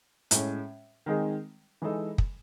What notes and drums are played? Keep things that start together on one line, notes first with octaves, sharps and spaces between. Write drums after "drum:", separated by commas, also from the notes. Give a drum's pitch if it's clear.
A2 G#3 C#4, drum: hi-hat
D#3 G#3 C4 D#4 G#4
E3 G#3 D#4 A4
drum: kick